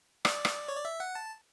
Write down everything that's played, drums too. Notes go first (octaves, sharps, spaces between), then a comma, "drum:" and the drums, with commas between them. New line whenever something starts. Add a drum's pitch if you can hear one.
D5, drum: rim click
drum: rim click
C#5
D5
E5
F#5
A5